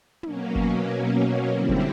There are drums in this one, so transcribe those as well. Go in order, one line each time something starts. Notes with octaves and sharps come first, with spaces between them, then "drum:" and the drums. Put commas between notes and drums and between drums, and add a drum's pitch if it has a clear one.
B2 F#3 A#3 C#4, drum: tom
drum: kick F#1
D3 G3 C4 E4
drum: kick F#1